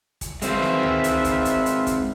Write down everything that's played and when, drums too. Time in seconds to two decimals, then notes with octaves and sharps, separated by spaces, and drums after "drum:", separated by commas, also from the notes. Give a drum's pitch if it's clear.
0.21 drum: kick, hi-hat
0.42 G#3 C4 F4 B4 E5, drum: hi-hat
0.63 drum: snare
0.83 drum: tom C#2
1.04 drum: hi-hat
1.25 drum: kick, hi-hat
1.45 drum: hi-hat
1.66 drum: hi-hat
1.87 drum: kick, hi-hat